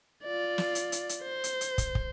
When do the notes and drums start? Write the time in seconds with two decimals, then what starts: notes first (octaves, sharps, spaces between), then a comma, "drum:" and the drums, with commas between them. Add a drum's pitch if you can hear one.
0.24 F4 D5
0.58 drum: snare
0.75 drum: hi-hat
0.92 drum: hi-hat
1.09 drum: hi-hat
1.22 C5
1.44 drum: hi-hat
1.61 drum: hi-hat
1.78 drum: kick, hi-hat
1.95 drum: kick